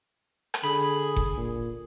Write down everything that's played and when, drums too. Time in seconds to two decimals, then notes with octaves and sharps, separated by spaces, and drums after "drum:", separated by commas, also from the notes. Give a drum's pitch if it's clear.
0.54 drum: rim click
0.64 D3 G#4 B5
1.16 drum: kick F#1
1.37 A#2